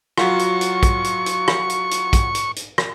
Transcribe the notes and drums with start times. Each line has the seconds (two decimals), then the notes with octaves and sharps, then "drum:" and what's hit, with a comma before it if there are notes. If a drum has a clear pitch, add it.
0.18 F#3 F4 F#4 C#6, drum: rim click
0.39 drum: hi-hat
0.61 drum: hi-hat
0.83 drum: kick, hi-hat
1.04 drum: hi-hat
1.26 drum: hi-hat
1.48 drum: rim click
1.69 drum: hi-hat
1.91 drum: hi-hat
2.13 drum: kick, hi-hat
2.35 drum: hi-hat
2.56 drum: hi-hat
2.78 drum: rim click